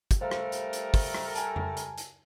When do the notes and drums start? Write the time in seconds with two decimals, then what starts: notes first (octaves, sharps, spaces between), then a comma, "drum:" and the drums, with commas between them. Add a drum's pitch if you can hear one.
0.11 drum: kick, hi-hat
0.21 G3 A3 A#4 C5 F5
0.31 drum: rim click
0.52 drum: hi-hat
0.73 drum: hi-hat
0.94 drum: kick, open hi-hat
1.15 drum: rim click
1.35 G#5 A5, drum: hi-hat
1.56 drum: tom F2
1.77 drum: hi-hat
1.98 drum: hi-hat